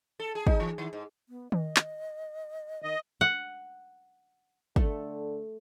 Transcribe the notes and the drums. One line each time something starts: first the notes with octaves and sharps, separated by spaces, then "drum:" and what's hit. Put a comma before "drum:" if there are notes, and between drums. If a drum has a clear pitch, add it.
A4
G#4
D#4, drum: kick
E3
D#3
G#2
B3
D#5, drum: tom D#3
drum: clap
D#3 D#5
F#5
D3 A3, drum: kick